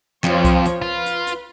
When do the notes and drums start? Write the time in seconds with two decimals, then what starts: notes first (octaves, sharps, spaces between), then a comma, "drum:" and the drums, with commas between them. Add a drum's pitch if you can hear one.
0.24 F2 F3 F4 C#5, drum: clap
0.44 drum: kick C2, hi-hat
0.65 drum: hi-hat
0.82 F4 B4
1.06 drum: hi-hat
1.27 drum: hi-hat